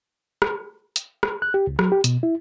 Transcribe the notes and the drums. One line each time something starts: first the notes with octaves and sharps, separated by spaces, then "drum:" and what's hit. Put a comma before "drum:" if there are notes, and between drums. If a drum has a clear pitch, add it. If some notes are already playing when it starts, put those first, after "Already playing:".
drum: rim click
drum: hi-hat
drum: rim click
F#6
G4
C#2
F#3, drum: rim click
G4
B2, drum: hi-hat
E4